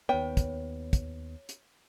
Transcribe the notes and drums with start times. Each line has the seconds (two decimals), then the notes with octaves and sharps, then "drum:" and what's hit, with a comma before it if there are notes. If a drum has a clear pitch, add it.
0.09 D#2 B3 C#5 G5
0.37 drum: kick, hi-hat
0.93 drum: kick, hi-hat
1.49 drum: hi-hat